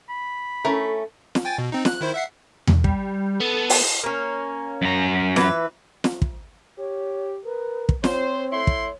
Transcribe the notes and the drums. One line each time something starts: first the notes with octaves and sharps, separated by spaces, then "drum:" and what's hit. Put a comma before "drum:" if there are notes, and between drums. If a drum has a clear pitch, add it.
B5
A3 C#4 E4 A4 A#4
drum: snare
G5 G#5 A6
B2
C4 D#4
F#6, drum: snare
D#3 E4 C5
E5 F#5 C7
drum: tom E2
G3, drum: kick
B3 A4
drum: open hi-hat
A#3 C#4
F#2 A#5
E3 B4, drum: snare
drum: snare
drum: kick
G4 C#5
A#4 B4
drum: kick
C4 C5 C#5, drum: snare
A3 E4 C6
drum: kick